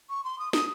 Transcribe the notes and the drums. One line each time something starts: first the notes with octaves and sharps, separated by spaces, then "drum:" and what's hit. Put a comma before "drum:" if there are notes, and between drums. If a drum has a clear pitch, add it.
C#6
C6
D#6
D#6, drum: snare